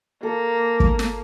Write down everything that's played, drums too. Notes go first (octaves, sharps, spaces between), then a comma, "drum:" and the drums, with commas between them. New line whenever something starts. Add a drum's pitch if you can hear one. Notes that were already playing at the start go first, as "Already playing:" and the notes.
A#3 A4
drum: kick
drum: snare